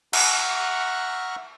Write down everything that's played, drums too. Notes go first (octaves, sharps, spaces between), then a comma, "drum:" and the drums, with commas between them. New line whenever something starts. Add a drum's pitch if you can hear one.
E5 F#5 A#5 C#6 F6 F#6, drum: cymbal